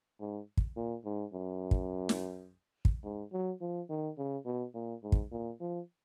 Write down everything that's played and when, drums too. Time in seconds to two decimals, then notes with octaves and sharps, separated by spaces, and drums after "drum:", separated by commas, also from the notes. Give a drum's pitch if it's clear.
0.20 G#2
0.57 drum: kick
0.76 A#2
1.05 G#2
1.33 F#2
1.71 drum: kick
2.09 drum: snare
2.85 drum: kick
3.04 G#2
3.32 F#3
3.61 F3
3.90 D#3
4.18 C#3
4.45 B2
4.74 A#2
5.03 G#2
5.12 drum: kick
5.32 A#2
5.60 F3